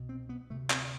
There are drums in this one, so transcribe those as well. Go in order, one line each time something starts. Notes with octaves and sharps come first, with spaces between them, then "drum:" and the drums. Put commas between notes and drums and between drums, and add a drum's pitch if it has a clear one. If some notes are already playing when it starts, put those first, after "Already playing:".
Already playing: C2 B2
C4
B3
D2 C3 A3
C4, drum: clap